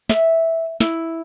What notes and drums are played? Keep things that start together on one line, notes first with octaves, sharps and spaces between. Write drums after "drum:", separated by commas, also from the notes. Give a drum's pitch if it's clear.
E5, drum: snare
E4, drum: snare